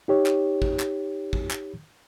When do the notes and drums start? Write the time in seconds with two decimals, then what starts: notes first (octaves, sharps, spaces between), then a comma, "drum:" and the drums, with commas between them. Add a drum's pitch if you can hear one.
0.08 D#4 G4 C#5
0.26 drum: clap
0.62 drum: kick
0.79 drum: clap
1.33 drum: kick
1.51 drum: clap